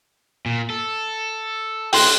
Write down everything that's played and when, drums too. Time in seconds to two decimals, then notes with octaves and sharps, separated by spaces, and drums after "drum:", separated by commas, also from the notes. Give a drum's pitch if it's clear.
0.46 A#2
0.70 A4
1.93 G5 C6 F#6, drum: open hi-hat